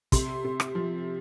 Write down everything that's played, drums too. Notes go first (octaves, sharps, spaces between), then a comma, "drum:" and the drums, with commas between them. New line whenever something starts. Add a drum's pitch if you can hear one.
C3 C6, drum: kick, hi-hat
C3
drum: rim click
F3